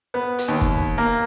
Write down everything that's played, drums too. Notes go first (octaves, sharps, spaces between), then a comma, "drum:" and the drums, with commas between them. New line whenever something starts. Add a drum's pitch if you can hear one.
B3
drum: hi-hat
D#2
drum: kick
A#3